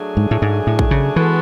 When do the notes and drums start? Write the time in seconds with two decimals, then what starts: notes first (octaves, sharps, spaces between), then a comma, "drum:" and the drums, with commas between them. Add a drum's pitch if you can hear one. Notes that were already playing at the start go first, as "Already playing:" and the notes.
Already playing: F#3 A3 D4 G#4
0.17 G#2
0.31 A2
0.42 G#2
0.67 A2
0.79 drum: kick A1
0.91 C#3
1.16 E3 G#3 B3 F#4 A4